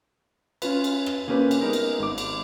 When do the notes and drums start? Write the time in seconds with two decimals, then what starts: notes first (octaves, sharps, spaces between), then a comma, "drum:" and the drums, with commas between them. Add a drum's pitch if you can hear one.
0.62 C#4 F4 B4, drum: cymbal
0.84 drum: cymbal
1.06 drum: rim click
1.28 A#3 C4 C#4 G4 B4, drum: tom C3
1.51 drum: cymbal
1.61 G#3 B3 D#4 A#4
1.73 drum: cymbal
1.99 G#1 D6
2.18 drum: cymbal